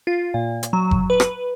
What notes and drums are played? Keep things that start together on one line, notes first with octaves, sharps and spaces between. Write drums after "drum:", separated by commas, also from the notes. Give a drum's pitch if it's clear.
F4
A#2
drum: hi-hat
F#3
drum: kick F#1
B4
drum: rim click